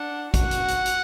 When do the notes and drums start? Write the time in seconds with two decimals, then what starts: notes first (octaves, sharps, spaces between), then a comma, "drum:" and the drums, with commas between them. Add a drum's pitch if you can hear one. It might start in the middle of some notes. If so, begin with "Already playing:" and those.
Already playing: D4 F#5
0.34 F#4 F#5, drum: kick, hi-hat
0.51 drum: hi-hat
0.68 drum: hi-hat
0.85 drum: hi-hat